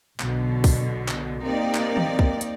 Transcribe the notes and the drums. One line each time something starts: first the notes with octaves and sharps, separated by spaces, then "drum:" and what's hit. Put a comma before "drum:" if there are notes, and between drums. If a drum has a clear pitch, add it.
B1 B2 D3, drum: clap
drum: kick, open hi-hat
drum: clap
A#3 C4 D#4 G4 D5
drum: clap
drum: tom D#3
drum: kick
drum: hi-hat